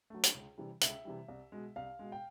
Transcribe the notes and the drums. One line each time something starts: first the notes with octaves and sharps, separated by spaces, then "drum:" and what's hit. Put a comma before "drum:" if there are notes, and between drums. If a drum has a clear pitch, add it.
F#3 A3
drum: hi-hat
C#2
C3 E3 G3
C#2 E5, drum: hi-hat
C3 E3 G3
C2
B2 G#3
C2 F5
B2 G#3
G5